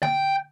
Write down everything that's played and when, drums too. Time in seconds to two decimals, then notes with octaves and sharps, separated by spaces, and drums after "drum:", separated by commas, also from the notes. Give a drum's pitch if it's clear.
0.03 G5, drum: tom D3